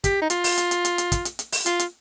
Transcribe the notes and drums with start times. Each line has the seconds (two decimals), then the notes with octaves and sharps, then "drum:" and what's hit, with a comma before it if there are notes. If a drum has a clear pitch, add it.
0.04 G4, drum: kick, hi-hat
0.21 D#4
0.30 F4, drum: hi-hat
0.44 drum: open hi-hat
0.57 drum: hi-hat
0.71 drum: hi-hat
0.85 drum: hi-hat
0.98 drum: hi-hat
1.12 drum: kick, hi-hat
1.25 drum: hi-hat
1.39 drum: hi-hat
1.52 drum: open hi-hat
1.66 F4, drum: hi-hat
1.79 drum: hi-hat